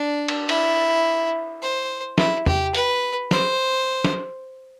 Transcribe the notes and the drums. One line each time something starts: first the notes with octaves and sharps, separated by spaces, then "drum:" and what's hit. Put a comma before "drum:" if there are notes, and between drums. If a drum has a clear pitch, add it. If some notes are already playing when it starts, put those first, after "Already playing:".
Already playing: D4
drum: cymbal
E4, drum: cymbal
C5
E4, drum: snare
G4, drum: tom E2
B4, drum: hi-hat
C5, drum: snare
drum: snare